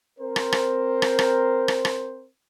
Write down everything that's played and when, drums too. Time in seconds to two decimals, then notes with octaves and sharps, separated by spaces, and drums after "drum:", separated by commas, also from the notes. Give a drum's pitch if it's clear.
0.19 C4 A#4 C5
0.36 drum: rim click
0.52 drum: rim click
1.02 drum: rim click
1.19 drum: rim click
1.68 drum: rim click
1.85 drum: rim click